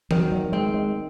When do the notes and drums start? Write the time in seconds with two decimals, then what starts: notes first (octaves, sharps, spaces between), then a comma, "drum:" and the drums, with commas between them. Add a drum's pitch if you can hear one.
0.11 D#3 F#3, drum: tom E3
0.32 F#3
0.52 G#3 C4
0.74 G#3